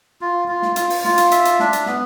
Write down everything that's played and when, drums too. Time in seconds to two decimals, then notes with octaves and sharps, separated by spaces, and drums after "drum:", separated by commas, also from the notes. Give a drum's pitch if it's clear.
0.21 F4
0.48 F4
0.62 drum: snare
0.76 F4, drum: hi-hat
0.90 drum: open hi-hat
1.04 F4, drum: snare
1.18 drum: hi-hat
1.31 E5, drum: hi-hat
1.45 drum: hi-hat
1.59 D4, drum: snare
1.73 drum: hi-hat
1.86 B3, drum: snare